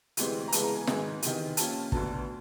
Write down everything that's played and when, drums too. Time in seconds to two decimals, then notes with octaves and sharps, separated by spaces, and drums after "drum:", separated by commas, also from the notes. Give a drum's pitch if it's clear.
0.17 D2 C3 E3 G#3 C4, drum: hi-hat
0.48 A#5
0.52 C#2 C#3 E3 G#3 B3 A5, drum: hi-hat
0.64 A#5
0.75 G#5
0.87 G#2 D#3 F#3 B3 G#5, drum: snare
1.22 E2 C3 D#3, drum: hi-hat
1.57 C3 F3 A#3 C#4 A5, drum: hi-hat
1.92 D2 D3 F#3 B3 A5, drum: kick